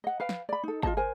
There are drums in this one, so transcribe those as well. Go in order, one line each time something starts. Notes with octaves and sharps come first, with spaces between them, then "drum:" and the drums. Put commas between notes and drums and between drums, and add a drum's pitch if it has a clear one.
D#5 F#5
B4 F5 G5
drum: snare
D5 B5
D#4 A4
F4 C5 D#5 A5, drum: kick
A#4 C5 G#5